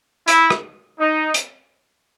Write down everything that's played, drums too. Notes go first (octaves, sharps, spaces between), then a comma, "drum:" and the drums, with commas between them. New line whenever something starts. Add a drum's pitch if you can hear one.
E4, drum: hi-hat
drum: rim click
D#4
drum: hi-hat